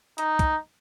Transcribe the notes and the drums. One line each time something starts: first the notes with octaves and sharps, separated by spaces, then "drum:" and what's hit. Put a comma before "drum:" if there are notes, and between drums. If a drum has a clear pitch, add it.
D#4, drum: hi-hat
drum: kick, hi-hat